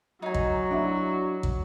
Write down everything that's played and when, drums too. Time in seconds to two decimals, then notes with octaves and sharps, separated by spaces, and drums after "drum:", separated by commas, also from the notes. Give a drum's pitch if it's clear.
0.22 F#3 D#4 G#5
0.34 drum: kick
0.71 D4 E4 F#4
1.43 drum: kick